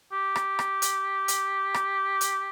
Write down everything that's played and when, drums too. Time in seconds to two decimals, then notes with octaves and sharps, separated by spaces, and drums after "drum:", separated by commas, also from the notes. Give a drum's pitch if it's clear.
0.13 G4
0.36 drum: rim click
0.59 drum: rim click
0.82 drum: hi-hat
1.28 drum: hi-hat
1.74 drum: rim click
2.21 drum: hi-hat